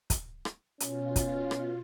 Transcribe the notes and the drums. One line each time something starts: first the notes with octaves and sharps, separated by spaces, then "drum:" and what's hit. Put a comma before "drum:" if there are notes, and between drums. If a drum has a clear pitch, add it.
drum: kick, hi-hat
drum: rim click
B2 C#4 F4, drum: hi-hat
drum: kick, hi-hat
drum: rim click